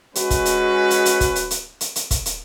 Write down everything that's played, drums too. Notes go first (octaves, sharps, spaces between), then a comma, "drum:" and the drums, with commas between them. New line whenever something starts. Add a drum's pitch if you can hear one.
G#3 C#4 F#4 B4, drum: hi-hat
drum: kick, hi-hat
drum: hi-hat
drum: hi-hat
drum: hi-hat
drum: kick, hi-hat
drum: hi-hat
drum: hi-hat
drum: hi-hat
drum: hi-hat
drum: kick, hi-hat
drum: hi-hat